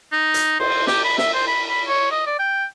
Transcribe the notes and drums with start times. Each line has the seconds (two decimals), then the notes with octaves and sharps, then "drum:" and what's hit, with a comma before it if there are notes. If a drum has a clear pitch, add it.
0.13 D#4
0.34 drum: hi-hat
0.60 C5, drum: cymbal
0.87 G4, drum: snare
1.04 B5
1.18 E5, drum: snare
1.34 C5
1.48 B5
1.69 B5
1.88 C#5
2.12 D#5
2.27 D5
2.39 G5